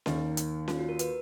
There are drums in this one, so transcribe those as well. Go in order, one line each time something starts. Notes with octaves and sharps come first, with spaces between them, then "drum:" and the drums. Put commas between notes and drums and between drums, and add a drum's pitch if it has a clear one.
D#2 D#3 A#3 D#4, drum: snare C#4
drum: hi-hat
F4, drum: snare C#4
F#4
A#4
B4, drum: hi-hat